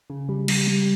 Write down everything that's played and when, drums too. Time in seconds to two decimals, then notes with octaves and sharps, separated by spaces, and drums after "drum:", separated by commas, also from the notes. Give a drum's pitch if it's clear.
0.10 C#3
0.29 G3
0.48 G3, drum: cymbal
0.67 G3